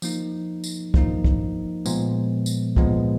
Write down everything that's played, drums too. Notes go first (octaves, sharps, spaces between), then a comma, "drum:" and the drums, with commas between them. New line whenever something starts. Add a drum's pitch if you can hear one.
F3 A#3 D#4, drum: tambourine
drum: tambourine
F3 A#3 D#4, drum: kick
drum: kick
A#2 F3 G#3 B3, drum: tambourine
drum: tambourine
A#2 F3 G#3 B3, drum: kick